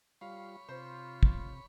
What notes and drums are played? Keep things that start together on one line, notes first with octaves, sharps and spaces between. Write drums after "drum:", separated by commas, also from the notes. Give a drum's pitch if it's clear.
G3 F4 C#5 F5 B5
C3 F4 C5
drum: kick